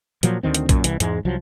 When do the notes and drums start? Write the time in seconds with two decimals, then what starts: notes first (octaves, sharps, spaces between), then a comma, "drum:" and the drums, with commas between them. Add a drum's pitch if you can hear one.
0.23 A#2 F3 F#3, drum: hi-hat
0.43 D2 D3 D#3 C4
0.54 drum: hi-hat
0.69 F#2 A#2, drum: kick, hi-hat
0.84 C2 E3, drum: hi-hat
1.00 E2 G#2 G#3, drum: hi-hat
1.25 C2 F3 F#3